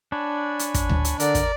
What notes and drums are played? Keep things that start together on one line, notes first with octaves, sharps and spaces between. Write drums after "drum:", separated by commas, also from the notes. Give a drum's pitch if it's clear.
D4 C#5 G#5 B5
drum: hi-hat
drum: kick, hi-hat
drum: tom D2
drum: hi-hat
D3 A#4 D5, drum: hi-hat
drum: kick, hi-hat